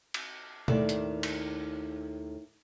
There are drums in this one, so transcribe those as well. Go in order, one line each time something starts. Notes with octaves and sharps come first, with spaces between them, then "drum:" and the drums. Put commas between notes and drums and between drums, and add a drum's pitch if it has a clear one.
drum: cymbal
D#2 A2 D#3 A4 D5, drum: tom B2
drum: hi-hat
drum: cymbal